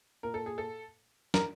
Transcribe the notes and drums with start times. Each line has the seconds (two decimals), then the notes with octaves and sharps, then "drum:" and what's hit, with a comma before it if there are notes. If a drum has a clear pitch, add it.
0.23 A#2 A#4
0.34 A4
0.46 G#4
0.58 A4
1.34 A#4, drum: snare